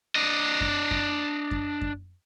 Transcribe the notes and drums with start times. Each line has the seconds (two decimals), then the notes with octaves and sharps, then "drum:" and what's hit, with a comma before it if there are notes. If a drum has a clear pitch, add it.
0.15 D4 D#5
0.61 drum: kick F#2
0.91 drum: kick F#2
1.51 drum: kick F#2
1.81 drum: kick F#2